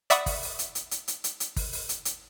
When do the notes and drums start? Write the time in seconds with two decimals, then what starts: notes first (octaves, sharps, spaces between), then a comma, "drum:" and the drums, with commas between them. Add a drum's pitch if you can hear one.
0.10 D5 E5 F#5 B5 C#6 D#6, drum: hi-hat
0.26 drum: kick, open hi-hat
0.43 drum: open hi-hat
0.59 drum: hi-hat
0.75 drum: hi-hat
0.91 drum: hi-hat
1.08 drum: hi-hat
1.24 drum: hi-hat
1.40 drum: hi-hat
1.56 drum: kick, open hi-hat
1.73 drum: open hi-hat
1.89 drum: hi-hat
2.05 drum: hi-hat